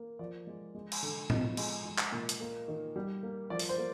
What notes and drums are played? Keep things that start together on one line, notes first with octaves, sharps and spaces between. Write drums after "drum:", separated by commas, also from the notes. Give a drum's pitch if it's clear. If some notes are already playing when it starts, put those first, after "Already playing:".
Already playing: A#3
F3 D5
G#3
G#3
drum: cymbal
D3
F3 D#5, drum: tom A2
G#3, drum: cymbal
G#3
drum: clap
A#2
drum: hi-hat
A#3
D#3
G3
A#3
F3 D5
drum: open hi-hat
C5
A#3